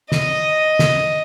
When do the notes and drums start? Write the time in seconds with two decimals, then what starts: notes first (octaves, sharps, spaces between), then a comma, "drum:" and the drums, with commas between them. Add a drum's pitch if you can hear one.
0.12 D#5, drum: snare
0.79 drum: snare